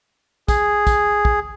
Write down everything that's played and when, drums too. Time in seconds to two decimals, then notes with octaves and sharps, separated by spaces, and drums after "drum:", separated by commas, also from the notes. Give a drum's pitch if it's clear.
0.48 G#4, drum: kick, tambourine
0.87 drum: kick, tambourine
1.25 drum: kick